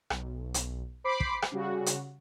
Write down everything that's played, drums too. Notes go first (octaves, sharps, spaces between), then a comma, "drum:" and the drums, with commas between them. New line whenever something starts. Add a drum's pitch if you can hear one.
B1, drum: rim click
drum: hi-hat
C5 B5 D6 C7
drum: kick
drum: rim click
C#3 G3 F#4
drum: hi-hat